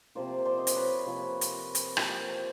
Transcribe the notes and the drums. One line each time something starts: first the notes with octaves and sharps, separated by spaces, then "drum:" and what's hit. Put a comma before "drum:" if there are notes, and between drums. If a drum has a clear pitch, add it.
C3 F3 A#3 C5 D5
C5 D5
D#5
D5, drum: hi-hat
B4 C#5
C3 F3 A#3
drum: hi-hat
drum: hi-hat
C3 F3 A#3, drum: rim click